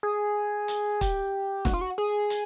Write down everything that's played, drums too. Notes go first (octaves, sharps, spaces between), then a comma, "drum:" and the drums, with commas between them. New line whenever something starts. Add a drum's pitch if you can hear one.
G#4
drum: hi-hat
G4, drum: kick, hi-hat
F#4, drum: snare E1
F4
F#4
G#4
drum: hi-hat